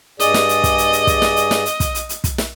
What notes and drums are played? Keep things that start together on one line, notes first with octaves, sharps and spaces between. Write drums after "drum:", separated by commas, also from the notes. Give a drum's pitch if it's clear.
G2 G#4 D5 D#5, drum: hi-hat
drum: snare
drum: hi-hat
drum: kick, hi-hat
drum: hi-hat
drum: hi-hat
drum: kick, hi-hat
drum: snare
drum: hi-hat
drum: snare
drum: hi-hat
drum: kick, hi-hat
drum: hi-hat
drum: hi-hat
drum: kick, hi-hat
drum: snare